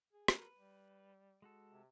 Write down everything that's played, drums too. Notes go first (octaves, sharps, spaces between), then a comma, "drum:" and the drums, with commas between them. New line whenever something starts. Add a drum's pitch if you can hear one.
G#4
A#4 B4, drum: rim click
G3
G#3 F#4 A4
C3